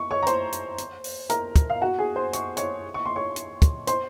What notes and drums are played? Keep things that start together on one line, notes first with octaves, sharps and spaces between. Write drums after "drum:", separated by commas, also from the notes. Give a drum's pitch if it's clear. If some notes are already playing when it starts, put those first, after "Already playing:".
Already playing: C#6
C#5 C#6
A#5
C5 C6, drum: hi-hat
drum: hi-hat
drum: hi-hat
drum: open hi-hat
A#4 A#5, drum: hi-hat
drum: kick, hi-hat
F5
F#4 F#5
G#4 G#5
C5 C6
C#6, drum: hi-hat
C#5 C#6, drum: hi-hat
C#6
C6
C#5 C#6
drum: hi-hat
drum: kick, hi-hat
C5 C6, drum: hi-hat